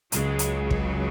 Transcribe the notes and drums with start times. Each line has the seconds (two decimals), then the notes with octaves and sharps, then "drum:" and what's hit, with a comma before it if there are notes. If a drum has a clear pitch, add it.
0.12 C#2 C#3 F#3 G#3, drum: hi-hat
0.39 drum: hi-hat
0.71 drum: kick